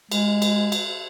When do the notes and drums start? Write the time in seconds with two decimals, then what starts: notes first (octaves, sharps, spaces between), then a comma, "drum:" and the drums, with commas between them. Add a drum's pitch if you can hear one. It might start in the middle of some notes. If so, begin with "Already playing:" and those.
0.12 G#3, drum: cymbal
0.42 drum: cymbal
0.72 drum: cymbal